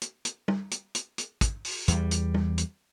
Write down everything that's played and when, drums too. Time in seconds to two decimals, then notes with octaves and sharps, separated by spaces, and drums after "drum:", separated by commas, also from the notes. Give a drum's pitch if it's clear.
0.01 drum: hi-hat
0.25 drum: hi-hat
0.48 drum: tom
0.71 drum: hi-hat
0.95 drum: hi-hat
1.18 drum: hi-hat
1.41 drum: kick, hi-hat
1.65 drum: open hi-hat
1.88 E2 G3, drum: hi-hat
2.11 drum: hi-hat
2.34 drum: tom
2.58 drum: hi-hat